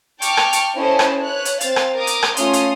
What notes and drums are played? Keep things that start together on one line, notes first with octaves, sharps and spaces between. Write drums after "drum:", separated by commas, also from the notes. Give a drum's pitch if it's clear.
G5 A5 C#6 D6 F6, drum: hi-hat
drum: rim click
drum: hi-hat
C#4 E4 A4 C5 D#5 A5
drum: rim click
B4 C#5 F#6
drum: hi-hat
C4 C5 F5 A6, drum: hi-hat
drum: rim click
A#4 D6 D#6
drum: hi-hat
drum: rim click
A3 C#4 F4 F5 C6 D#6, drum: hi-hat
drum: hi-hat